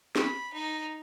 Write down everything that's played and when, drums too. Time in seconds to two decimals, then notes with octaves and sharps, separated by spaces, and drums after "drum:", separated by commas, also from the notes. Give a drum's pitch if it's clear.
0.16 B5, drum: snare
0.53 D#4